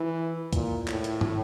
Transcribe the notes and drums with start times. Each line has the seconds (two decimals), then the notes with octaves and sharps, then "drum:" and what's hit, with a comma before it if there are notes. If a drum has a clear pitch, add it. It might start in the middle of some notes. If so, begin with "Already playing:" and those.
Already playing: E3
0.53 A#2, drum: kick, hi-hat
0.88 A2, drum: clap
1.04 drum: hi-hat
1.21 drum: tom